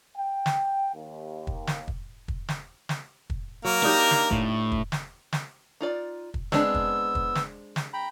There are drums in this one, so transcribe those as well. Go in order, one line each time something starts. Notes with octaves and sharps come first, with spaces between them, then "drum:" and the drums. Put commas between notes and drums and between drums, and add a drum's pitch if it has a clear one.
G5
drum: snare
D#2
drum: kick
drum: snare
drum: kick
drum: kick
drum: snare
drum: snare
drum: kick
F#3 A#3
D4 D#4 G4 A#4
drum: snare
A2, drum: kick
drum: kick
drum: snare
drum: snare
D#4 F4 D5
drum: kick
G#3 B3 C4 D4 E6, drum: snare
drum: kick
drum: kick
drum: snare
drum: snare
G5 A#5 B5